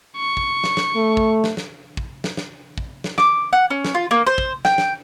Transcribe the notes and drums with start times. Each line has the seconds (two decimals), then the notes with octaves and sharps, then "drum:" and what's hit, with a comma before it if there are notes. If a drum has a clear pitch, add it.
0.17 C#6
0.37 drum: kick
0.64 drum: snare
0.77 drum: snare
0.96 A3
1.17 drum: kick
1.44 drum: snare
1.57 drum: snare
1.97 drum: kick
2.24 drum: snare
2.37 drum: snare
2.78 drum: kick
3.04 drum: snare
3.18 D6, drum: snare
3.53 F#5
3.70 C#4
3.85 drum: snare
3.95 F4
4.11 A#3
4.27 C5
4.38 drum: kick
4.65 G5, drum: snare
4.78 drum: snare